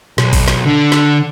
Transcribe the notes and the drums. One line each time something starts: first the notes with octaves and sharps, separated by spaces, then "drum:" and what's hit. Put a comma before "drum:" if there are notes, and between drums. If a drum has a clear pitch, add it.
B1, drum: snare
drum: kick, open hi-hat
drum: snare
D3
drum: snare